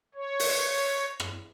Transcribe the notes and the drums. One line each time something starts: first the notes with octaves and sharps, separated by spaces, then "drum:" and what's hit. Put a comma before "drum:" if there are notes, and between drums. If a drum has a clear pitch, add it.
C#5
drum: open hi-hat
drum: rim click